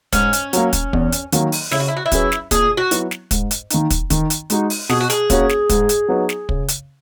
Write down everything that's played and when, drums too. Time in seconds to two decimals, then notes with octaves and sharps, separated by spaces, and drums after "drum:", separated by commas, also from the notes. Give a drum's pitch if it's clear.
0.13 G#2 C#4, drum: kick, hi-hat
0.33 drum: hi-hat
0.53 F#3 A#3, drum: hi-hat
0.73 drum: kick, hi-hat
0.93 E2, drum: kick
1.12 drum: hi-hat
1.32 D#3 F#3 A#3, drum: hi-hat
1.52 drum: open hi-hat
1.71 C#3 E4, drum: snare
1.80 F#4
1.88 E4
1.97 F#4
2.06 E4
2.12 F#3 C#4 G#4 B4, drum: kick, hi-hat
2.32 drum: snare
2.51 A#2 G#4, drum: kick, hi-hat
2.77 F#4
2.91 F#3 B3 E4, drum: hi-hat
3.11 drum: snare
3.31 G#2, drum: kick, hi-hat
3.51 drum: hi-hat
3.70 D#3 A#3 D#4, drum: hi-hat
3.91 drum: kick, hi-hat
4.10 D#3, drum: kick, hi-hat
4.30 drum: hi-hat
4.50 G#3 D#4 F#4, drum: hi-hat
4.70 drum: open hi-hat
4.89 B2 G#4, drum: snare
5.00 F#4
5.10 G#4, drum: hi-hat
5.30 A#3 C#4 F#4 C#5, drum: kick, hi-hat
5.49 drum: snare
5.70 G#2, drum: kick, hi-hat
5.89 drum: hi-hat
6.08 F#3 B3 D#4
6.29 drum: snare
6.49 C#3, drum: kick
6.69 drum: hi-hat